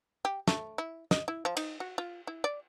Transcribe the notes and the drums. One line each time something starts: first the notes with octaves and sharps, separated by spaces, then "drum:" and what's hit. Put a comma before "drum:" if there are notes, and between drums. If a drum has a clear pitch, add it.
G4
A3, drum: snare
E4
D#5, drum: snare
E4
F3
D#4, drum: cymbal
F#4
F4
E4
D5